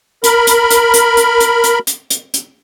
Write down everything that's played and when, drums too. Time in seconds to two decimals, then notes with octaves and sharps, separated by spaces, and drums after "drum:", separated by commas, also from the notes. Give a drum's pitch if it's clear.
0.24 A#4 B5, drum: hi-hat
0.47 drum: hi-hat
0.70 drum: hi-hat
0.94 drum: hi-hat
1.17 drum: hi-hat
1.40 drum: hi-hat
1.64 drum: hi-hat
1.87 drum: hi-hat
2.10 drum: hi-hat
2.34 drum: hi-hat